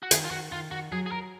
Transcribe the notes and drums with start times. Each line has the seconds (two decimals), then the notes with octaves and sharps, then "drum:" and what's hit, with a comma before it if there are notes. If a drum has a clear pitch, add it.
0.03 F#4
0.11 D#3 G#4, drum: hi-hat
0.25 F4
0.31 D#3 F#4
0.52 D#3 F4
0.71 D#3 F#4
0.92 F#3 G#4
1.06 G#4
1.12 F#3 A#4